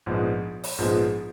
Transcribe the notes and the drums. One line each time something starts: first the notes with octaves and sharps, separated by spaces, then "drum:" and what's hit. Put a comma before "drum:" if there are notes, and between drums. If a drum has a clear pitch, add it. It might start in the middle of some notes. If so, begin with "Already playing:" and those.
A#1 G#2 F3 G#3 B3
drum: open hi-hat
A#1 G#2 F3 G#3 B3